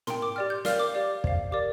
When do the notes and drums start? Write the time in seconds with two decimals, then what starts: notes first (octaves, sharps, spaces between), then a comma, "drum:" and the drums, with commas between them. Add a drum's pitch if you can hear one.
0.07 A#4 G5 C6, drum: tom
0.22 D6
0.36 G4 D5 G5 F6
0.50 G6
0.65 A#4 D5 F5 F6, drum: snare
0.80 D6
0.94 G4 D5 F5
1.24 C5 F5, drum: kick
1.52 G4 A#4 D5 D6